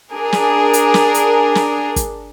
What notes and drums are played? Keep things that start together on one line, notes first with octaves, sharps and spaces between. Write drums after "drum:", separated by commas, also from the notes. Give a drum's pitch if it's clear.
D4 G#4 A#4
drum: snare
drum: hi-hat
drum: snare
drum: hi-hat
drum: snare
drum: kick, hi-hat